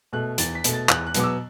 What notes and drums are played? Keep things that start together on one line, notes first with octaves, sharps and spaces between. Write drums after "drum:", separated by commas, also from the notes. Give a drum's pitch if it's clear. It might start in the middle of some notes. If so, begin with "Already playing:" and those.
B2 A3 F#6
E2 A6, drum: hi-hat
B6
B2 A3, drum: hi-hat
A6
E2 F#6, drum: clap
F#6
B2 F#3 B3 D6, drum: hi-hat
E6